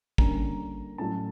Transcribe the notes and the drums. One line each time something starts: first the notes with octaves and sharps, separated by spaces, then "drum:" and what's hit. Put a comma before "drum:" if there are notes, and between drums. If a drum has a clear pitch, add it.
D3 G3 A#3 C#4 A#5, drum: kick
A2 F#3 A3 C#4 A5